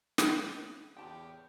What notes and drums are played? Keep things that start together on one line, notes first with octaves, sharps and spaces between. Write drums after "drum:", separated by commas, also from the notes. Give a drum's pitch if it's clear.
B3, drum: snare
E2 A2 C#3 G4 G5 A5